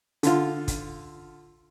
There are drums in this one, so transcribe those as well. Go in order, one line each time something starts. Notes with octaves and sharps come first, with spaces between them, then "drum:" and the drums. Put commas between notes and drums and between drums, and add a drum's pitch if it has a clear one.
D3 F4, drum: hi-hat
drum: kick, hi-hat